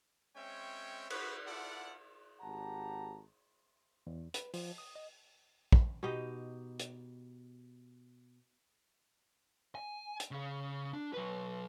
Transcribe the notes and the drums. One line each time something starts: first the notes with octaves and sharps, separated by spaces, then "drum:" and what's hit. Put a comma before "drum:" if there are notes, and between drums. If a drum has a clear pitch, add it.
G#3 C4 C#4 C#5 E5 G5
F#4 B4 C#5, drum: cymbal
E4 F4 A4 D5 F#5
G#1 G4 F#5 A5 A#5
E2
B4, drum: hi-hat
F3, drum: open hi-hat
D#6
D#5
drum: kick
B2 D#4 G4 D#5
drum: hi-hat
G#5
drum: hi-hat
C#3 F5
D4
F#3 B4